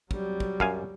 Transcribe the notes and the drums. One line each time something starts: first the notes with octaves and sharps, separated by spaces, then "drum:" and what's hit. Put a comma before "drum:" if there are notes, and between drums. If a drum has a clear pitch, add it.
F#3 G3, drum: kick
drum: kick
F#2 F5 G#5, drum: kick